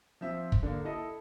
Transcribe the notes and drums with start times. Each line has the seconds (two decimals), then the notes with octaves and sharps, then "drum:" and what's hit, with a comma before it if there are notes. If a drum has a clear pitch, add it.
0.21 F3 C4 E5
0.52 drum: kick
0.63 D3 A#3
0.85 E4 A4 D#5